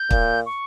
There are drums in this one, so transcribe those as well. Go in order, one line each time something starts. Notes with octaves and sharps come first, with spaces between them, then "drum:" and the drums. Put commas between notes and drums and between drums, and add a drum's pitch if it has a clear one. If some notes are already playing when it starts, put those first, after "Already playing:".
Already playing: G6
A#2, drum: kick
C#6